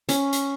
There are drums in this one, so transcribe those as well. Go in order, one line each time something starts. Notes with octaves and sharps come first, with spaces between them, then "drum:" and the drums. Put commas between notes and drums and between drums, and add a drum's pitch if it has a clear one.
C#4, drum: hi-hat
drum: hi-hat